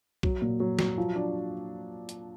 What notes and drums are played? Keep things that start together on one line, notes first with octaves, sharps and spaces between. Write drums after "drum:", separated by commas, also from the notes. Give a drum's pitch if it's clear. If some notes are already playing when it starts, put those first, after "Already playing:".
F#3, drum: kick B1
A#2
F#3
F#3, drum: snare
F3
D4
drum: hi-hat